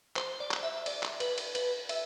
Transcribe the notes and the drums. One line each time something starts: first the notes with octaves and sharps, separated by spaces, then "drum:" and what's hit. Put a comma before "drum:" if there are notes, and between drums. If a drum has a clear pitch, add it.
C5, drum: clap
D5
drum: clap
E5
D5, drum: cymbal
drum: clap
B4, drum: cymbal
drum: cymbal
B4, drum: cymbal
E5, drum: cymbal